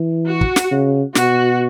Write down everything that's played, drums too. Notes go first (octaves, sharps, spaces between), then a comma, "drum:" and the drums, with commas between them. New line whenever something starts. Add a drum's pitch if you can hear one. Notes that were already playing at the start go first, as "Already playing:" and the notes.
Already playing: E3
F#4
drum: kick
drum: snare
C#3
B2 F#4, drum: snare